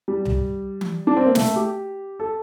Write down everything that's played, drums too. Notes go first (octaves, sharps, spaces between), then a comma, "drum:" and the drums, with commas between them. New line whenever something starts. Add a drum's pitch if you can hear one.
G3
drum: tom C2
drum: tom E3
D4
C4
A#3
A3, drum: snare
G4
A4